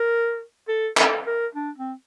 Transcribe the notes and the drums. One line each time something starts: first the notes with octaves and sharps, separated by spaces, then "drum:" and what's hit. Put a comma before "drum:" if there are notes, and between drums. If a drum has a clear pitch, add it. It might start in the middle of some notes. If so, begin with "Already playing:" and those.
Already playing: A#4
A4
A4, drum: clap
A#4
D4
C4